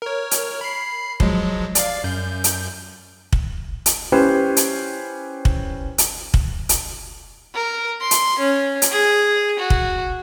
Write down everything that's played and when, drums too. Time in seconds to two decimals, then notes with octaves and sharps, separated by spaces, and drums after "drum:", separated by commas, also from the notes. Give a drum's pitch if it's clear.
0.02 A#4 C#5
0.31 drum: hi-hat
0.61 B5 C7
1.20 F3 F#3 G#3, drum: kick
1.75 D5 F5, drum: hi-hat
2.04 F#2 G6
2.44 drum: hi-hat
3.33 drum: kick
3.86 drum: hi-hat
4.12 C#4 E4 G4 B4 C5
4.57 drum: hi-hat
5.45 drum: kick
5.98 drum: hi-hat
6.34 drum: kick
6.69 drum: hi-hat
7.54 A#4
8.01 C6
8.11 drum: hi-hat
8.39 C#4
8.82 drum: hi-hat
8.91 G#4
9.60 F#4
9.70 drum: kick